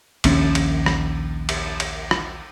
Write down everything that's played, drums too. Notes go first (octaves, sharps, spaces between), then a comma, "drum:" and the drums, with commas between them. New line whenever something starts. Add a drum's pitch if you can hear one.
A#1 D#2 C#4, drum: cymbal
drum: cymbal
drum: rim click
drum: cymbal
drum: cymbal
drum: rim click